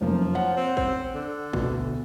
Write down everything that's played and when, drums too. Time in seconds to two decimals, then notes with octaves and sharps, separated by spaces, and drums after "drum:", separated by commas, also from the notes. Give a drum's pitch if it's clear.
0.01 F1 F#2 F3 A#3
0.33 C#5 F#5
0.57 C4
0.77 C4, drum: kick
1.14 D3
1.53 D2 B2, drum: kick